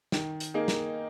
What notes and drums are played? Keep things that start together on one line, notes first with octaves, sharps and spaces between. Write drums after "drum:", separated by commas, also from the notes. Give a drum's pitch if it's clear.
D#3, drum: snare
drum: hi-hat
A#3 D#4 G#4
drum: snare